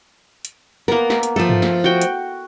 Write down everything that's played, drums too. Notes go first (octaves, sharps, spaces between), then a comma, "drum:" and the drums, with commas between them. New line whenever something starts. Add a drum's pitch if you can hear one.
drum: hi-hat
A#3 B3 A#4
drum: snare
drum: hi-hat
F3 A3 A4 E5
drum: tom G2
drum: snare
F#4 G5
drum: hi-hat